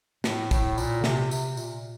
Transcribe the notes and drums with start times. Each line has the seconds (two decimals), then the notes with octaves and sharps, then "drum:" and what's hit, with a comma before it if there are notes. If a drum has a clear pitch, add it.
0.24 A2, drum: snare
0.51 A2, drum: kick, tambourine
0.78 A#2, drum: tambourine
1.01 D3
1.04 C3, drum: snare
1.31 C3, drum: tambourine
1.57 A#2, drum: tambourine